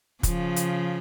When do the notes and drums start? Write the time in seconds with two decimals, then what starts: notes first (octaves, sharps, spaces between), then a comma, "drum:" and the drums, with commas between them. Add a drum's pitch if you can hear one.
0.23 C#3 F3, drum: kick, hi-hat
0.56 drum: hi-hat